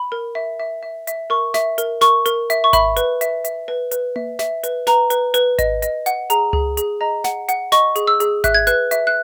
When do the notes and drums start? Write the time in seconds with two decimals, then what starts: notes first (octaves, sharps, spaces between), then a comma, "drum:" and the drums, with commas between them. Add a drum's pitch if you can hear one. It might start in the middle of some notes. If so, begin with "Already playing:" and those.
Already playing: B5
0.12 A#4
0.35 E5
0.60 E5
0.83 E5
1.07 E5, drum: hi-hat
1.30 A#4 C#6
1.54 E5, drum: snare
1.78 A#4, drum: hi-hat
2.01 A#4 C#6, drum: snare
2.26 A#4, drum: hi-hat
2.50 E5, drum: hi-hat
2.64 C#6
2.73 E5 B5, drum: kick G#1, hi-hat
2.97 B4, drum: hi-hat
3.21 E5, drum: hi-hat
3.45 E5, drum: hi-hat
3.68 B4
3.91 B4, drum: hi-hat
4.16 E5, drum: tom A#3
4.39 E5, drum: snare
4.64 B4, drum: hi-hat
4.87 B4 A#5, drum: snare
5.10 B4, drum: hi-hat
5.34 B4, drum: hi-hat
5.59 D#5, drum: kick G#1, hi-hat
5.82 D#5, drum: hi-hat
6.06 F#5, drum: hi-hat
6.30 G#4 A#5, drum: hi-hat
6.53 G#4, drum: tom C#2
6.77 G#4, drum: hi-hat
7.01 D#5 A#5
7.24 F#5, drum: snare
7.49 F#5, drum: hi-hat
7.72 D#5 C#6, drum: snare
7.96 G#4, drum: hi-hat
8.07 E6
8.20 G#4, drum: hi-hat
8.44 E5 F#6, drum: kick G#1, hi-hat
8.54 G#6
8.67 B4 F#6, drum: hi-hat
8.91 E5, drum: hi-hat
9.07 F#6